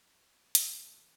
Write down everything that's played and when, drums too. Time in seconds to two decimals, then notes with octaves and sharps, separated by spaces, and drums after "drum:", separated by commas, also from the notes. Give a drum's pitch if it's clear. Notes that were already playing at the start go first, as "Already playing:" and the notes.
0.55 B2 E3 A3 A#4, drum: hi-hat